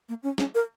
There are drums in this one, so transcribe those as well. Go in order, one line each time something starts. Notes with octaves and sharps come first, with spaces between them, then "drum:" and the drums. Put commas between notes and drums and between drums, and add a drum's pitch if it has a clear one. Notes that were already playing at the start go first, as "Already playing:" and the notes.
A#3
C#4
C#4, drum: snare
A#4